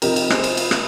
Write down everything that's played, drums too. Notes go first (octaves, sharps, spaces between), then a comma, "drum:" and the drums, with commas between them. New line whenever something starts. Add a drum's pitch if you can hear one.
C3 F3 C4 D#4 G4 A#4, drum: cymbal
drum: cymbal
G#4 C5, drum: rim click
drum: cymbal
drum: cymbal
drum: rim click